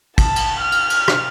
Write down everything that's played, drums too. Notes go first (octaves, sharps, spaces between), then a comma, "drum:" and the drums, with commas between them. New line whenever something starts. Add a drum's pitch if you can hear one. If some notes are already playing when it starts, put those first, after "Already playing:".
A5, drum: kick, cymbal
drum: cymbal
F6
drum: cymbal
drum: cymbal
drum: rim click